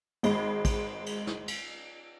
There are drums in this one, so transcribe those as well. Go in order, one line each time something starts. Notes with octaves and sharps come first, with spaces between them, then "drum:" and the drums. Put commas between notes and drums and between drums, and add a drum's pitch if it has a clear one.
G#1 G#3 B5, drum: cymbal
drum: kick, cymbal
drum: cymbal
drum: snare
drum: cymbal